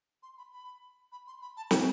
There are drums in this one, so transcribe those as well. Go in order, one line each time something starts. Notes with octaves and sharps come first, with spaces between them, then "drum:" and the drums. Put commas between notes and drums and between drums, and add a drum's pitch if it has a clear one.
C6
B5
B5
B5
C6
B5
A5
G5, drum: snare